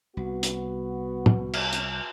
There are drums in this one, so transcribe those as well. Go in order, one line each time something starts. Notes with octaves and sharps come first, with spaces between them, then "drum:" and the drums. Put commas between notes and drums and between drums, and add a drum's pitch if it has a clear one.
C2 B3 F#4
drum: hi-hat
drum: tom
drum: cymbal
drum: hi-hat